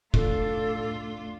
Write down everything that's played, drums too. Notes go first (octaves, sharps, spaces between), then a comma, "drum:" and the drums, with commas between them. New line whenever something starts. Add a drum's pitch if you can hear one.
A3 D4 F4 A4, drum: kick